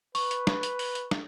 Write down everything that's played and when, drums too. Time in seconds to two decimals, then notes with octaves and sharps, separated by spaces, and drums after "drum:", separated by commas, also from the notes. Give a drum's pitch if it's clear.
0.15 B4 C#6, drum: open hi-hat
0.31 drum: hi-hat
0.47 drum: snare
0.63 drum: hi-hat
0.79 drum: open hi-hat
0.95 drum: hi-hat
1.11 drum: snare